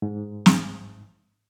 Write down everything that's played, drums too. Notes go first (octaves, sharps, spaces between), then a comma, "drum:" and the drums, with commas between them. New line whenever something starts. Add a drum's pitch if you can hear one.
G#2
drum: snare